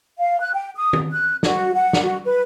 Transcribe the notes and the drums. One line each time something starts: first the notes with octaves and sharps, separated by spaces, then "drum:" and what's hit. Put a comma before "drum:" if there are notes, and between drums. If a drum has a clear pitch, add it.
F5
F#6
G5
D#6
drum: tom
F#6
F#4, drum: snare
F#5
drum: snare
F#4
B4